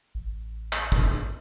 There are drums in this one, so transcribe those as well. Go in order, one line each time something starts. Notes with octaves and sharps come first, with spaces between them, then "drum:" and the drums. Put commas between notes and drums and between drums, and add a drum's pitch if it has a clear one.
A1
drum: clap
drum: kick